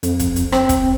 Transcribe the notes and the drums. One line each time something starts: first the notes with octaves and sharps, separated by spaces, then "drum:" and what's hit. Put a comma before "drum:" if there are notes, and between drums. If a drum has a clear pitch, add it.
F2, drum: hi-hat
drum: kick, hi-hat
drum: hi-hat
C4, drum: rim click
drum: kick, hi-hat